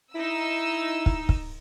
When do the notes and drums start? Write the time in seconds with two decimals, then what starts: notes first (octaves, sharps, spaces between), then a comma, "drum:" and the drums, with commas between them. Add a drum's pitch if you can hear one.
0.15 D#4 E4 E6
1.06 drum: kick
1.29 drum: kick